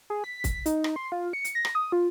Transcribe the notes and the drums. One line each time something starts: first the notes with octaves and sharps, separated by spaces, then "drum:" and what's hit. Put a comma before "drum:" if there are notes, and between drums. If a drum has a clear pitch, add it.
G#4
B6
drum: kick, hi-hat
D#4, drum: hi-hat
drum: rim click
C6
F4
C#7
drum: hi-hat
A#6
drum: rim click
D#6
F4